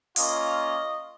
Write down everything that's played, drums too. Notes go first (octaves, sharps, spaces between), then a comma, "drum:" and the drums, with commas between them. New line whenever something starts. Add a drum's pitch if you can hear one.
A#3 C#4 F4 D#5, drum: open hi-hat